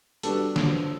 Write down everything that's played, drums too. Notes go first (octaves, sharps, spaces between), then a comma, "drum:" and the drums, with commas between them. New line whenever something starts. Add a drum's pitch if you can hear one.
G3 B3 D4 F#4 A4 B4, drum: hi-hat
G2 D3 F3, drum: snare D3